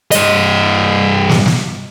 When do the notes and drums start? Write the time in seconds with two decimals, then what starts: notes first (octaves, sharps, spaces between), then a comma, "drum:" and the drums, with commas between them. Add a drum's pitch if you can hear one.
0.12 G2 D#5, drum: hi-hat
1.29 drum: snare
1.46 drum: snare